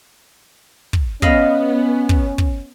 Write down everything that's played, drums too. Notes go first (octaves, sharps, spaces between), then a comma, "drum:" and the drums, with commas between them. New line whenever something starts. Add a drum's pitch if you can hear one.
drum: kick
B3 C#4 D#5 F5 B5, drum: kick
drum: kick
drum: kick